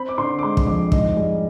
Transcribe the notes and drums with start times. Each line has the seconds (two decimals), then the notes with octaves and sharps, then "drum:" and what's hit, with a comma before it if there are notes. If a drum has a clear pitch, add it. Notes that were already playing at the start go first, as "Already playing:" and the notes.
Already playing: C4 B5
0.09 D6
0.18 D3 C6
0.39 D6
0.43 G#3 C6
0.57 drum: kick
0.67 F2 D6
0.92 G#2 D#5, drum: kick
1.16 G3 G#4